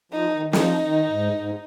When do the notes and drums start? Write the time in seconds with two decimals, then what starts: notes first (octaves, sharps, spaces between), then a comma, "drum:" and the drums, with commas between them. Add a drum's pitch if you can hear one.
0.12 F3 D#4
0.32 D#3
0.46 D#3
0.53 F3 D#4, drum: snare
0.82 D#3
1.09 G#2
1.37 G#2